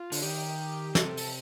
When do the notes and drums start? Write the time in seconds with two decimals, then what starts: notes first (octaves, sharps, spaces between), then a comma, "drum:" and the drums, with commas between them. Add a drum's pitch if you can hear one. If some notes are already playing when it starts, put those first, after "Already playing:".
Already playing: F4
0.12 D3, drum: open hi-hat
0.22 D#3 G4
0.95 C3 A4, drum: snare
1.17 drum: open hi-hat